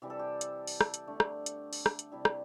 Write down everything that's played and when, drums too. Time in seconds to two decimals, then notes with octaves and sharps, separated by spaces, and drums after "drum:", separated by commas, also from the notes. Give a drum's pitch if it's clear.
0.02 C3 E3 G3 G4
0.10 A4
0.19 G4
0.41 drum: hi-hat
0.67 drum: open hi-hat
0.81 drum: rim click
0.94 drum: hi-hat
1.07 D3 A3
1.20 drum: rim click
1.46 drum: hi-hat
1.73 drum: open hi-hat
1.86 drum: rim click
1.99 drum: hi-hat
2.12 C3 G3 E4
2.25 drum: rim click